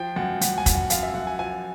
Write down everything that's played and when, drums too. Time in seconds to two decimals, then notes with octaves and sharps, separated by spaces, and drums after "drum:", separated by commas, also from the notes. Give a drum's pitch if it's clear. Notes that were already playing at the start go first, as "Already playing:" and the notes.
Already playing: F3 G5
0.16 F#2 F#5
0.41 F#2 F#5, drum: hi-hat
0.58 G#5
0.66 F#2, drum: kick, hi-hat
0.74 F#5
0.90 F#2 F5, drum: hi-hat
1.03 E5
1.14 F#2 F#5
1.27 G#5
1.39 F3 G#5